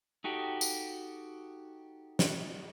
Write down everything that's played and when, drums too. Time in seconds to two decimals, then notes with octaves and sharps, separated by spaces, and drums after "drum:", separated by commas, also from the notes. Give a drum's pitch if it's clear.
0.24 D#4 F#4 G4 A4
0.61 drum: tambourine
2.19 drum: snare